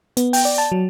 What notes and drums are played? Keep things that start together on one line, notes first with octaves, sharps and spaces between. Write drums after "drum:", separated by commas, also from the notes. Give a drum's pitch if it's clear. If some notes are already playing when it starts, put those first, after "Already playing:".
B3, drum: hi-hat
G5, drum: open hi-hat
D5
A5
F#3